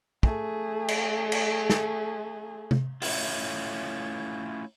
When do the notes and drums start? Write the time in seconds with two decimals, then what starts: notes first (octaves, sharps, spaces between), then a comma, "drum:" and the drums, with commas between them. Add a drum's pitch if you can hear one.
0.23 A3 G#4, drum: kick
0.88 drum: cymbal
1.32 drum: cymbal
1.70 drum: snare
2.71 drum: tom C3
3.02 A3 C#4 E4 F4, drum: open hi-hat